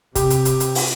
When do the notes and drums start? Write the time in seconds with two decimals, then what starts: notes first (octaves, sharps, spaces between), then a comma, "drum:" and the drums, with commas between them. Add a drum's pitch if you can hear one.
0.15 C3 G4, drum: kick, hi-hat
0.30 drum: hi-hat
0.45 drum: hi-hat
0.60 drum: hi-hat
0.75 drum: open hi-hat